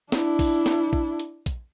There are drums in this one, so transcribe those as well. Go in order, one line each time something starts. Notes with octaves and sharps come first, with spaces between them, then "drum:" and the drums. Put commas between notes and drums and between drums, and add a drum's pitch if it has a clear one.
D4 E4, drum: snare
drum: kick A#1, open hi-hat
drum: snare
drum: kick A#1
drum: hi-hat
drum: kick A#1, hi-hat